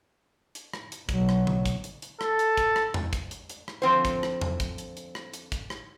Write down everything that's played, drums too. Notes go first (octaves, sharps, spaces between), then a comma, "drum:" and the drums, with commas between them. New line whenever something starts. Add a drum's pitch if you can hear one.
drum: hi-hat
drum: rim click
drum: hi-hat
B1 F#3, drum: kick, hi-hat
drum: rim click
drum: tom C#3
drum: kick, hi-hat
drum: hi-hat
drum: hi-hat
A4, drum: rim click
drum: hi-hat
drum: kick, hi-hat
drum: rim click
drum: tom E2
drum: kick, hi-hat
drum: hi-hat
drum: hi-hat
drum: rim click
D3 F3 C4 C5
drum: kick, hi-hat
drum: rim click
drum: tom E2
drum: kick, hi-hat
drum: hi-hat
drum: hi-hat
drum: rim click
drum: hi-hat
drum: kick, hi-hat
drum: rim click